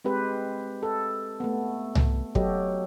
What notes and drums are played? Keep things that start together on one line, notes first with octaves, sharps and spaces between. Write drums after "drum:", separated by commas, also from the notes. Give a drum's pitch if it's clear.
G#3 C4 G4 B4 C5
A4
A3 B3
drum: tom C2
F#3 F#4 G4 A4 D#5, drum: kick